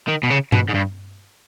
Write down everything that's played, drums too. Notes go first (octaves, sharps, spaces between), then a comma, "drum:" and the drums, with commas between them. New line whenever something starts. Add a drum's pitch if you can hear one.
D#3
B2
C#3
B2, drum: tom G2
G#2
G2